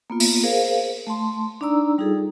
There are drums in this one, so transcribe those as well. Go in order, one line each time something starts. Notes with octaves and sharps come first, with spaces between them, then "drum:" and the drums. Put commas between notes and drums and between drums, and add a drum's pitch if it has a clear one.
A#3 B3 F4
drum: open hi-hat
G#4 A#4 C5 F5
A3 A5 C6
D4 D#4 D5 A#5 E6
G3 D#4 F4 G#4 A4